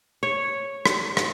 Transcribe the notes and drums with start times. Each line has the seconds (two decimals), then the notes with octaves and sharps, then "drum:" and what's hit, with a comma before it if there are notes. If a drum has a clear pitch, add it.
0.23 C#5
0.86 drum: rim click
1.17 drum: rim click